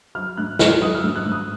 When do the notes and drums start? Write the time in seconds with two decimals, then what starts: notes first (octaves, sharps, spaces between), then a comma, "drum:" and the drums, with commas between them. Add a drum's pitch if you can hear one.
0.15 F#3 F6
0.37 G#2 F#6
0.59 F#3 F6, drum: snare
0.82 F#3 D#6
0.95 F6
0.99 E6
1.04 G#2
1.16 F#6
1.24 G#2 E6
1.32 D#6